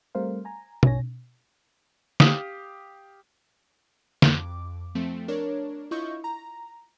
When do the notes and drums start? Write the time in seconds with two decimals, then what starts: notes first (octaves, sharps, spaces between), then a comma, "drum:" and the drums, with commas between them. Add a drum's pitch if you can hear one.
0.15 G3 A3 C4 A#4 C5 F5
0.45 G#5 A#5
0.83 A#1 G2 C#5 G#5 A#6, drum: tom B2
2.20 G4 F5 D#6, drum: snare
4.22 F2 D6, drum: snare
4.95 F3 A3 C4
5.28 D4 A#4 C#5
5.91 E4 F4 D#5 C#6 G6
6.24 A#5